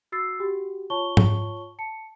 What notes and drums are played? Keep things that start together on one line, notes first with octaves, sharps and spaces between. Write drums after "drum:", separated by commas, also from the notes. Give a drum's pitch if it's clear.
F#4 E6 A6 C7
F#4 G4
F4 C#5 A5 C#6 G7
drum: tom G#2
A5 C#7